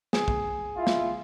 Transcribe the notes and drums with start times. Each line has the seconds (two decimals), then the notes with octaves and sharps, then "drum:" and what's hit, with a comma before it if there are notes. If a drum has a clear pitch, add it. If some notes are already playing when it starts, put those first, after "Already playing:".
0.13 G#4, drum: snare
0.28 drum: kick
0.77 E4 F4
0.87 drum: snare